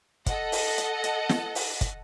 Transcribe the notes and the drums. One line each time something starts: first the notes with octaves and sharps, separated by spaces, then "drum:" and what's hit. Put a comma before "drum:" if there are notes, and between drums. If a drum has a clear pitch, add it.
A4 D#5 F#5, drum: kick, hi-hat
drum: open hi-hat
drum: hi-hat
drum: hi-hat
drum: snare
drum: open hi-hat
drum: kick, hi-hat